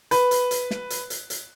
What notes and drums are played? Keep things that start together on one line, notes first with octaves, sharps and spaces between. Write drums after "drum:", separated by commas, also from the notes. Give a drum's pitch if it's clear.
B4, drum: hi-hat
drum: hi-hat
drum: hi-hat
drum: snare
drum: hi-hat
drum: hi-hat
drum: hi-hat